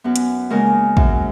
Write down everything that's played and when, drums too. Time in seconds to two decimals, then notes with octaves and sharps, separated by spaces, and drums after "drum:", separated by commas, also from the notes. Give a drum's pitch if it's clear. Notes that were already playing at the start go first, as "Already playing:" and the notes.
0.04 F#2 B3 B4
0.16 drum: hi-hat
0.50 C#3 G#3 A#3 A#4
0.97 F#2, drum: kick